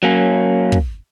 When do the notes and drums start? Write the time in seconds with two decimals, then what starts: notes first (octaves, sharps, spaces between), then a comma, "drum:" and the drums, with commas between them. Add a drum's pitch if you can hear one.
0.03 F#3 A#3 C#4
0.72 drum: kick